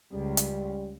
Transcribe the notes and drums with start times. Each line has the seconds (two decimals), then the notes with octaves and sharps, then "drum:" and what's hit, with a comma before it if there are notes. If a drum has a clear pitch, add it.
0.13 C#2 G3
0.37 drum: hi-hat